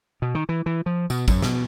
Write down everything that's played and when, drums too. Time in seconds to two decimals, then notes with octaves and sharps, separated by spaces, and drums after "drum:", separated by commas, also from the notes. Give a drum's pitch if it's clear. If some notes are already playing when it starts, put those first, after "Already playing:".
0.22 B2
0.35 D#3
0.49 E3
0.66 E3
0.86 F3
1.10 B2, drum: tambourine
1.28 F#2, drum: kick, tambourine
1.42 B2, drum: snare